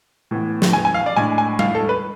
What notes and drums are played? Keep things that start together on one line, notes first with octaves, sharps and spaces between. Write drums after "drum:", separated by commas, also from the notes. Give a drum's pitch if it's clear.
A2 E3 B3
drum: snare
G#5
G#5
F5
D5
A2 G#3 D4 G#5
G#5
F5, drum: tom G3
A4
B4